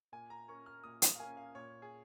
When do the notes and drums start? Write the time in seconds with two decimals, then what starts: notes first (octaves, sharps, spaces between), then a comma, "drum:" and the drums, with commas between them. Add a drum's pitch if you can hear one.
0.12 A#2 G#5
0.30 A#5
0.48 A#3 C#4 C#6
0.66 F6
0.84 A#2 D#6
1.02 D#6, drum: hi-hat
1.15 F5
1.19 A#3 C#4 G#5
1.37 F5
1.55 A#2 C#5
1.82 G#4